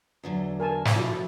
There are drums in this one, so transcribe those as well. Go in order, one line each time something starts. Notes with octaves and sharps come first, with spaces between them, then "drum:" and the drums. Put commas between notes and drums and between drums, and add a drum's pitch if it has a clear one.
E2 D3 F#3
A#4 G#5 A5
drum: snare
F3 A3 E4 F#4